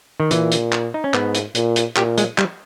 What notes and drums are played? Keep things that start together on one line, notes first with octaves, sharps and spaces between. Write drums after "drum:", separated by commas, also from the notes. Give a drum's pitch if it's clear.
D#3
A#2 E3, drum: hi-hat
drum: hi-hat
drum: clap
D#4
C#4
G#2 B3, drum: clap
drum: hi-hat
A#2, drum: hi-hat
drum: hi-hat
A#2 G4, drum: clap
G#3, drum: hi-hat
G3, drum: clap